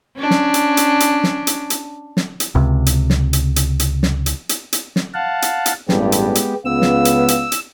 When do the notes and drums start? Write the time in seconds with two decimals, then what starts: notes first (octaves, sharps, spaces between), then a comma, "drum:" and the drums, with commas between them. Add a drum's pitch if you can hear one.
0.18 C#4 D4
0.31 drum: snare
0.54 drum: hi-hat
0.77 drum: hi-hat
1.00 drum: hi-hat
1.24 drum: snare
1.47 drum: hi-hat
1.70 drum: hi-hat
2.17 drum: snare
2.40 drum: hi-hat
2.55 C#2 C3
2.86 drum: hi-hat
3.10 drum: snare
3.33 drum: hi-hat
3.56 drum: hi-hat
3.79 drum: hi-hat
4.03 drum: snare
4.26 drum: hi-hat
4.49 drum: hi-hat
4.73 drum: hi-hat
4.96 drum: snare
5.14 F5 F#5 A5
5.42 drum: hi-hat
5.66 drum: hi-hat
5.89 A1 G2 G#3 B3 G4, drum: snare
6.12 drum: hi-hat
6.35 drum: hi-hat
6.65 C#2 B3 F5 E6
6.82 drum: snare
7.05 drum: hi-hat
7.28 drum: hi-hat
7.52 drum: hi-hat